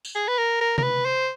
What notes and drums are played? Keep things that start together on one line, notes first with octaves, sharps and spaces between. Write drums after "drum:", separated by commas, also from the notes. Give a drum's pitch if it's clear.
drum: tambourine
G#4
B4
A#4
A#4
A#4, drum: tom C3
B4
C5